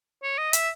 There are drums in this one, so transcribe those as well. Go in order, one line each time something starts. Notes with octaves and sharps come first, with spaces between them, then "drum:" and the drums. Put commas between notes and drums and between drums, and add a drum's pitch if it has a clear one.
C#5
D#5
E5, drum: hi-hat